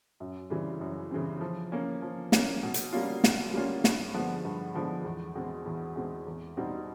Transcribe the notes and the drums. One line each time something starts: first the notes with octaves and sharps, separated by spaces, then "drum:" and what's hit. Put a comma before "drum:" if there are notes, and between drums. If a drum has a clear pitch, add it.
F#2
C#3 E3 G3 C4
F#2
C#3 E3 G3 C4
F3
A#3 C#4
F3
A#3 C#4, drum: snare
B2
drum: hi-hat
G3 A#3 C#4 F4
B2, drum: snare
G3 A#3 C#4 F4
G2, drum: snare
D3 F3 G#3 B3
G2
D3 F3 G#3 B3
E2
B2 G#3 C4
E2
B2 G#3 C4
E2
B2 G3 C4 D#4